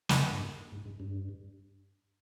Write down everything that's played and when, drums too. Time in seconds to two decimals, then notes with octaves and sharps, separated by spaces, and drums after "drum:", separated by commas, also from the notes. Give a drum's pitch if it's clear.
0.09 F2, drum: snare
0.30 G2
0.72 G#2
0.85 G#2
1.00 G2